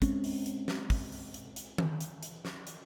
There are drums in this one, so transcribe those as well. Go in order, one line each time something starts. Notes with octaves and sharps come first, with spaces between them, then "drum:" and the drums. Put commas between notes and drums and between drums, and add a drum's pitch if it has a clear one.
G#3 C4 C#4, drum: kick, hi-hat
drum: open hi-hat
drum: hi-hat
drum: snare
drum: kick, open hi-hat
drum: open hi-hat
drum: hi-hat
drum: hi-hat
drum: tom D#3
drum: hi-hat
drum: hi-hat
drum: snare
drum: hi-hat